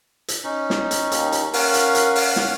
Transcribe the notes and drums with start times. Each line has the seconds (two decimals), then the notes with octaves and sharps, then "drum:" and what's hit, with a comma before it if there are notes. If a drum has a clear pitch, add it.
0.28 drum: hi-hat
0.44 C#4 D#4
0.70 drum: snare
0.91 drum: hi-hat
1.12 D#2, drum: hi-hat
1.32 drum: hi-hat
1.53 C#4 A#4 F5 F#5, drum: open hi-hat
1.74 drum: hi-hat
1.95 drum: hi-hat
2.15 drum: open hi-hat
2.36 drum: snare